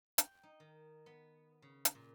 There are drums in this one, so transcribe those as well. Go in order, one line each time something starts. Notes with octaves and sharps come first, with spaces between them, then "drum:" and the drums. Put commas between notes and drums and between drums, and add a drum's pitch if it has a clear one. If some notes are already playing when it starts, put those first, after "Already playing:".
G5, drum: hi-hat
D#4
D#3
B3
C#3
drum: hi-hat
A#2